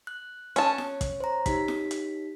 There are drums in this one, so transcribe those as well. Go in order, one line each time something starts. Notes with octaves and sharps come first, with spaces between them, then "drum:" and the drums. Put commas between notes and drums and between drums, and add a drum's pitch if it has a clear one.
F#6
C#4 A5, drum: hi-hat
drum: snare
drum: kick, hi-hat
C5 A#5
D#4 G4 B6, drum: kick, hi-hat
drum: snare
drum: hi-hat